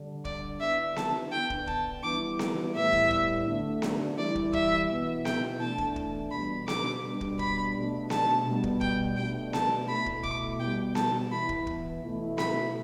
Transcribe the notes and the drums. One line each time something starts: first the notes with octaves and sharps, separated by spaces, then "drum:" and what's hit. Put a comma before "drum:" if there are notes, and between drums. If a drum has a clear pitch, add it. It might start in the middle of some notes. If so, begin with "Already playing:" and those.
Already playing: D3 G3 D4
D5, drum: kick
D3 B3 E4 E5
A5, drum: snare B3
D3 B3 D4 G5
drum: kick
A5, drum: kick
E3 G3 B3 E4 D6
drum: snare B3
A2 G3 B3 E4 E5
drum: kick
drum: kick
D3 A3 D4
drum: snare B3
E3 G3 E4 D5
drum: kick
E5, drum: kick
B2 B3 E4
G5, drum: snare B3
E3 A3 D4 A5
drum: kick
drum: kick
B2 G3 D4 B5
D6, drum: snare B3
B2 G3 D4
drum: kick
B5, drum: kick
B2 A3 D4
A5, drum: snare B3
B2 G3 B3
drum: kick
G5, drum: kick
B2 A3 D4 G5
A5, drum: snare B3
B2 A3 E4 B5
drum: kick
D6, drum: kick
B2 G3 B3 G5
A5, drum: snare B3
E3 B3 E4 B5
drum: kick
drum: kick
B2 A3 E4
B5, drum: snare B3